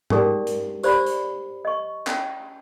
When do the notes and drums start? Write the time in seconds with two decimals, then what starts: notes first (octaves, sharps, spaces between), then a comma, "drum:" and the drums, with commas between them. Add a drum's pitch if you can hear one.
0.10 C#4 D#4 G4 G#4 A#4 D5, drum: tom G#2
0.47 drum: hi-hat
0.83 G4 C5 D5 B5, drum: tambourine
1.07 drum: hi-hat
1.65 D#5 C#6
2.07 C#4, drum: clap